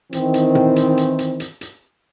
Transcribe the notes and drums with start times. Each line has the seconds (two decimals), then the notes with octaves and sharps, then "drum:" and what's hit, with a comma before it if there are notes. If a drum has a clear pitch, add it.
0.13 D#3 E3 C4, drum: hi-hat
0.34 drum: hi-hat
0.55 drum: tom A#2
0.76 drum: hi-hat
0.97 drum: hi-hat
1.19 drum: hi-hat
1.40 drum: hi-hat
1.61 drum: hi-hat